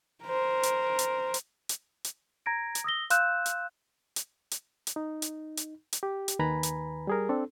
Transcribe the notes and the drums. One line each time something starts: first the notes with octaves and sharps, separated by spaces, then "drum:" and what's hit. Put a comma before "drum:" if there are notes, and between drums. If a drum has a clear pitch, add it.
A#4 C5
drum: hi-hat
drum: hi-hat
drum: hi-hat
drum: hi-hat
drum: hi-hat
A#5 G#6 A#6 D7
drum: hi-hat
D#6 E6 A#6 G7
F5 C6 E6 F#6 G6 E7, drum: hi-hat
drum: hi-hat
drum: hi-hat
drum: hi-hat
drum: hi-hat
D#4
drum: hi-hat
drum: hi-hat
drum: hi-hat
G4
drum: hi-hat
D#2 D#3 B4 G#5 A#5 B5
drum: hi-hat
G3 G#4 A#4
C4 D4 A4